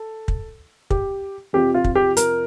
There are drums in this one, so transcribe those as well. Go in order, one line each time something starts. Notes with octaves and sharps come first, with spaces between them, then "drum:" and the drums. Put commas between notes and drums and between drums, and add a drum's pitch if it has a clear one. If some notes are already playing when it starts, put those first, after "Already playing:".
Already playing: A4
drum: kick
G4, drum: kick
F2 C3 F3 G4
F4
drum: kick
G4
A#4, drum: hi-hat